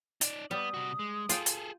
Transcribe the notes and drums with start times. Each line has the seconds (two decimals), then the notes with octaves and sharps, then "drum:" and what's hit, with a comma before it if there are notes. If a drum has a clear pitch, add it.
0.21 D#4 D5, drum: hi-hat
0.51 G3 B3 D#6
0.74 C3 F#4
0.99 G#3
1.29 F4 G#4 A4 G5, drum: hi-hat
1.46 drum: hi-hat